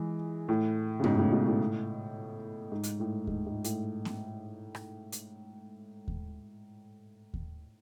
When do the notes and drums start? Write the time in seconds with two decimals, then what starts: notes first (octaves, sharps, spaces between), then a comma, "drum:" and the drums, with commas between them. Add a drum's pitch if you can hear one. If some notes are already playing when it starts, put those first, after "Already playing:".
Already playing: E3 G#3
0.49 A2
1.00 C#3
1.04 G#2 B2, drum: tom G2
1.18 A2 C#3
1.32 G#2 B2
1.46 A2
2.72 G#2
2.83 drum: hi-hat
3.00 A2
3.27 G#2, drum: kick D#2
3.46 G#2
3.64 A2, drum: hi-hat
4.05 drum: snare B3
4.75 drum: rim click
5.12 drum: hi-hat
6.08 drum: kick D#2
7.34 drum: kick D#2